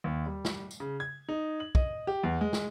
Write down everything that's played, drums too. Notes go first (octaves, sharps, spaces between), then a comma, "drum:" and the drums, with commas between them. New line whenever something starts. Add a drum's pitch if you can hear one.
D#2
G3
drum: snare
drum: tambourine
C#3
G#6
D#4
F#7
D#5, drum: kick
G4
E2
G#3
drum: snare